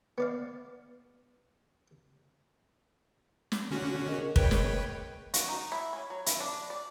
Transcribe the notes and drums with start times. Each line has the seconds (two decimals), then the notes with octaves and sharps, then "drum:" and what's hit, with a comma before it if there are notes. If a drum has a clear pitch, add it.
0.18 B3 D5 F5
3.52 drum: snare
3.71 D3 C#4 F#4
4.06 G#4 A#4 D#5
4.36 B4 C#5 G5, drum: kick
4.51 drum: snare
5.34 F#4, drum: hi-hat
5.48 D#4
5.72 E4
5.93 C#4
6.10 F#3
6.26 E4, drum: hi-hat
6.40 D4
6.70 D5